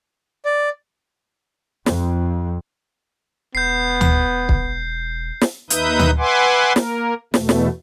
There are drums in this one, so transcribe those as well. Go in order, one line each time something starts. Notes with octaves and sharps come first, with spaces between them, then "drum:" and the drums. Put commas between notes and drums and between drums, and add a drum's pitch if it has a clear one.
D5
F2, drum: snare
E1 B3 G6 C7
drum: tom D2
drum: kick
drum: snare
D#2 D#4 B4 E5 D#6 G6, drum: hi-hat
drum: tom D2
B4 E5 F#5 G#5 C6 D6
A#3 A#4, drum: snare
E2 B2 A3, drum: snare
drum: snare